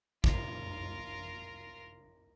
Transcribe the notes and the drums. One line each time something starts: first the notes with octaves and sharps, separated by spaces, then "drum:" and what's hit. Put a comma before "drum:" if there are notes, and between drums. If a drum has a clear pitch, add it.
F4 A#4, drum: kick